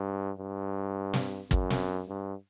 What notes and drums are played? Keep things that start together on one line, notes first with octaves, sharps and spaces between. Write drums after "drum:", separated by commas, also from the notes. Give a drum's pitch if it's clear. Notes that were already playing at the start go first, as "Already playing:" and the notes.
Already playing: G2
G2
drum: snare
F#2, drum: kick
drum: snare
G2